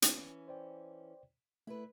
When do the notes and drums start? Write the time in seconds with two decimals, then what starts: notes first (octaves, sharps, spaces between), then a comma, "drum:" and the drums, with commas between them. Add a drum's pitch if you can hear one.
0.02 E3 C#4, drum: hi-hat
0.48 C5 D5 G5
1.67 A3 E4 B4